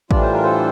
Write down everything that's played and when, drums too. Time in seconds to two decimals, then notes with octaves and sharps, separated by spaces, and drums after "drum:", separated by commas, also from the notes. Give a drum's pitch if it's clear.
0.11 A2 E3 G3 D4 F4 D5, drum: kick A1
0.22 C5
0.33 A#4
0.43 A4 C5